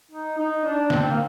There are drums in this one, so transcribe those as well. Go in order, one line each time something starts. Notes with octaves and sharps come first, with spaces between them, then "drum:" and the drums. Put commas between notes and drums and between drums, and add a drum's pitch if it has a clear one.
D#4
D#4
D4
C4, drum: snare
A#3